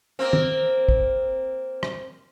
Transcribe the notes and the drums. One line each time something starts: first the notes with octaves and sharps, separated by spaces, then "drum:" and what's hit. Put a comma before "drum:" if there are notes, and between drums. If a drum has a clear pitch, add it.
A#3 C4
drum: tom
drum: kick
drum: rim click